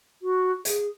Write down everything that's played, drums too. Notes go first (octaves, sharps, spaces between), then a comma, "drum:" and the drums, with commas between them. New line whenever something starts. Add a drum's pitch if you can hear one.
F#4
G#4, drum: hi-hat